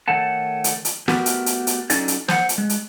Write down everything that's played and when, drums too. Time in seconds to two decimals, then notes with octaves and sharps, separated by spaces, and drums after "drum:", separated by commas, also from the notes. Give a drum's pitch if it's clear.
0.08 D#3 A3 A4 C#5 F#5 A5
0.64 drum: hi-hat
0.85 drum: hi-hat
1.08 A3 B3 F#4 G4 A#4, drum: snare
1.26 drum: hi-hat
1.46 drum: hi-hat
1.67 drum: hi-hat
1.90 F#3 C#4 D#4 A4 D5 D#5, drum: hi-hat
2.08 drum: hi-hat
2.28 C5 F#5, drum: snare
2.49 drum: hi-hat
2.58 G#3
2.69 drum: hi-hat